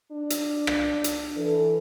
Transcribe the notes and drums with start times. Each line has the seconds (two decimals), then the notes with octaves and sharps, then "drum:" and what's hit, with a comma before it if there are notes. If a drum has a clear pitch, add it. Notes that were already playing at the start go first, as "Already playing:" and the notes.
0.12 D4
0.30 drum: hi-hat
0.67 drum: rim click
1.04 drum: hi-hat
1.36 E3 A4